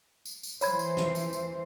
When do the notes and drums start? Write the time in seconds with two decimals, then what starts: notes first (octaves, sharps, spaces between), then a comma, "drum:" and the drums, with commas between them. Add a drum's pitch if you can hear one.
0.25 drum: tambourine
0.43 drum: tambourine
0.61 E3 C5 C#5 B5 G#6, drum: tambourine
0.79 drum: tambourine
0.97 drum: snare
1.15 drum: tambourine
1.33 drum: tambourine